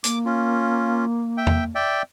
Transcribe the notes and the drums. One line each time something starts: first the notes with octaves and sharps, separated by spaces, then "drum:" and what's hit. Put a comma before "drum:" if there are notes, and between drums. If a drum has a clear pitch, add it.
A#3 D6, drum: hi-hat
C#4 F4
E5 G5
drum: tom E2
D5 E5 G5